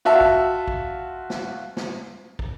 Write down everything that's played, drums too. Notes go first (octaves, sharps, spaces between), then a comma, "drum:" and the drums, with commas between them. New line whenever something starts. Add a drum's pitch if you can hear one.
F4 F#4 E5 A5
drum: kick
drum: kick
drum: snare
drum: snare
drum: kick